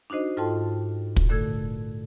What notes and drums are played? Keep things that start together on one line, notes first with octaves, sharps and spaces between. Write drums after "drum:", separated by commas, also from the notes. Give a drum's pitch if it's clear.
D4 D#4 F#4 C5 D#5
G#2 F4 A4 G5 A5 C6
drum: kick
A#2 D3 A3 A4 E6 G#6